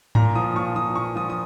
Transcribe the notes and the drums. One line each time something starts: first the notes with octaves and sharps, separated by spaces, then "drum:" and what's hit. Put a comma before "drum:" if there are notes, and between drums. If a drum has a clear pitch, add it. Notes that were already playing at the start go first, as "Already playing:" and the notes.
A#2 A#5, drum: tom G#2
F3 D#6
A#2 C#6
F3 D#6
A#2 C#6
F3 D#6
D#6